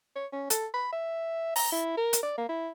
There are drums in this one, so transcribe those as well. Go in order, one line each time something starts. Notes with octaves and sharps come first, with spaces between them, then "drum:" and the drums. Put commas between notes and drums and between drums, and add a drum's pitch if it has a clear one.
C#5
C#4
A4, drum: hi-hat
B5
E5
A#5, drum: open hi-hat
E4
A#4
drum: hi-hat
D5
A#3
E4